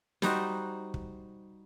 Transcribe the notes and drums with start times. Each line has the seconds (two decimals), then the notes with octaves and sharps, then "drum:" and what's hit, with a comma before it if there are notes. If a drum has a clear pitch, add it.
0.22 G3 D#4 F#4 C5, drum: snare
0.94 drum: kick